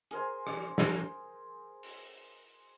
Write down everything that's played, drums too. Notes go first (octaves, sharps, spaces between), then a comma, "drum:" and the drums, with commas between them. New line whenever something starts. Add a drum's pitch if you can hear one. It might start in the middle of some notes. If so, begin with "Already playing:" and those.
G#4 A#4 C5 G#5, drum: hi-hat
drum: rim click
drum: snare
drum: open hi-hat